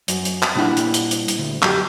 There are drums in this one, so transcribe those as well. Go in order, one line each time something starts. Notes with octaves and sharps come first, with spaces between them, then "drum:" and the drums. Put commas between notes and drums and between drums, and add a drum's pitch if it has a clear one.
F#2, drum: hi-hat
drum: hi-hat
drum: clap
A#2 G3 D4 E4 F#5
drum: hi-hat
drum: hi-hat
drum: hi-hat
drum: hi-hat
D2
F#2 G4, drum: clap